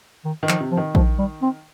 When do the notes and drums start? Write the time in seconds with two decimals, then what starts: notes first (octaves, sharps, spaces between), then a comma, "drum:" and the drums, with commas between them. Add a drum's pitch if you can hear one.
0.25 D#3
0.43 D#3
0.49 F3, drum: clap
0.60 C3
0.72 F3
0.77 D#3
0.95 F3, drum: kick A#1
1.18 G3
1.42 C4